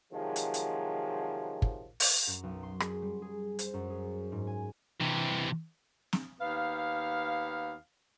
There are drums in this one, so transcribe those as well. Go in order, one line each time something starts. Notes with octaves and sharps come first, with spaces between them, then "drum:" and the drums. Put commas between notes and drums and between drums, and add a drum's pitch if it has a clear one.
C3 D#3 F3 F#3 G#3
drum: hi-hat
drum: hi-hat
drum: kick
drum: open hi-hat
F#2
B1
C6
G#4, drum: rim click
G3
G#4
C5, drum: hi-hat
F#2
G#4
G#2
G#5
C3 E3
drum: snare
D#2 B3 F5